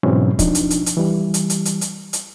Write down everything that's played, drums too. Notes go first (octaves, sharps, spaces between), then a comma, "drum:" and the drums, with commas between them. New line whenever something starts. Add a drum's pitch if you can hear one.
G#2 B2 E3 F#3 C4 C#4
F3 D4 D#4, drum: kick, hi-hat
drum: hi-hat
drum: hi-hat
drum: hi-hat
E3 G3
drum: hi-hat
drum: hi-hat
drum: hi-hat
drum: hi-hat
drum: hi-hat